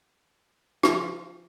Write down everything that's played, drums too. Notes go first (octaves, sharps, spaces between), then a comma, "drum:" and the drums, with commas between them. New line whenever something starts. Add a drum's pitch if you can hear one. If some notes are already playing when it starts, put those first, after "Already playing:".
F3 F4, drum: rim click